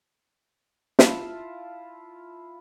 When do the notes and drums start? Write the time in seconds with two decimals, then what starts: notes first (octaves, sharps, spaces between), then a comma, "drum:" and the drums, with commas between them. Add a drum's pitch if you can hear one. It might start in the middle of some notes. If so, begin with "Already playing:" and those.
0.99 E4 F4 E5 A5, drum: snare